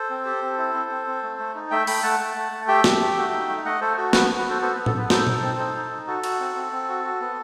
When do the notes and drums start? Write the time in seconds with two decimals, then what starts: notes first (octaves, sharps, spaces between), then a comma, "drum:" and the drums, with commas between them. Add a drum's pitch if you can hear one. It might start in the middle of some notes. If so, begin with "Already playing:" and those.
Already playing: A4 C5
0.10 C4
0.25 G4
0.42 C4
0.58 E4
0.74 C4
0.90 C4
1.07 C4
1.23 A3
1.39 A3
1.55 D#4
1.71 A3 E5 G5
1.87 A3 G5 B5, drum: open hi-hat
2.03 A3 F#5 A5
2.19 A3
2.37 A3
2.52 A3
2.68 G4 E5 G5
2.84 G4, drum: snare
3.00 A3
3.17 F#4
3.33 D#4
3.49 A3
3.65 A3 D#5 F#5
3.81 A3 A4 C5
3.97 F#4 A4
4.13 B3 B4, drum: snare
4.30 F#4
4.38 B4
4.47 F#4 A4 C5
4.62 B3 A4 C5
4.75 B3 B4
4.86 A4, drum: tom
4.95 B3 B4
5.10 D#4 A4 C5, drum: snare
5.27 D#4, drum: tom B2
5.43 C4
5.59 D#4
5.76 D#4
5.91 D#4
6.07 F#4 A4
6.24 F#4, drum: cymbal
6.40 C4
6.56 C4
6.72 C4
6.89 F#4
7.04 F#4
7.21 B3